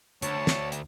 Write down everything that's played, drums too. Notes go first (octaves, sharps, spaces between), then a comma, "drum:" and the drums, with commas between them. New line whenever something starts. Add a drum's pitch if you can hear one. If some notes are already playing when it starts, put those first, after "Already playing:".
D2 C#5 A5, drum: hi-hat
drum: snare
drum: hi-hat